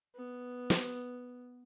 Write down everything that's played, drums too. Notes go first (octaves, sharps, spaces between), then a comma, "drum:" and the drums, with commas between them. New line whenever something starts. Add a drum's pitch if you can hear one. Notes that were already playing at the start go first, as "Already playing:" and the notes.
B3
drum: snare